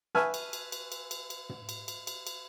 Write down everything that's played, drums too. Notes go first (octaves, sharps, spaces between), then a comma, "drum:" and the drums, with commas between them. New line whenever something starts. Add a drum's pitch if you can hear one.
B4 E5 G#5 A5 C#6 F6, drum: snare
drum: cymbal
drum: cymbal
drum: cymbal
drum: cymbal
drum: cymbal
drum: cymbal
drum: tom
drum: cymbal
drum: cymbal
drum: cymbal
drum: cymbal